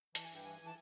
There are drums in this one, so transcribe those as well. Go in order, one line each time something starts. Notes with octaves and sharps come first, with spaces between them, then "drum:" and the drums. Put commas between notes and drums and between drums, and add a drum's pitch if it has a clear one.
E3 A5, drum: hi-hat
G#5
G2 G5
E3 G#5
E3
A5